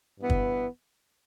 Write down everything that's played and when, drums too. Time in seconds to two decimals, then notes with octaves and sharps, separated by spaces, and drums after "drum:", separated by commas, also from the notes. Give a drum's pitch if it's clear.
0.19 G2 E3 B3
0.30 drum: kick